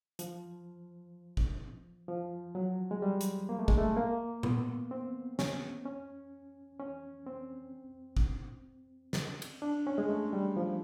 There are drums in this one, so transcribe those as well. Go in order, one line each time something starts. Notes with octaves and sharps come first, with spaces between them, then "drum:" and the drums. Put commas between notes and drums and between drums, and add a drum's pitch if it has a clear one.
F3, drum: hi-hat
drum: kick
F3
F#3
G#3
G3
drum: hi-hat
A#3
A3
G#3, drum: kick
A3
A#3
B3, drum: tom A#2
C4
C#4, drum: snare
C#4
C#4
C4
drum: kick
drum: snare
drum: cymbal
D4
C#4
G#3
A3
G3
F3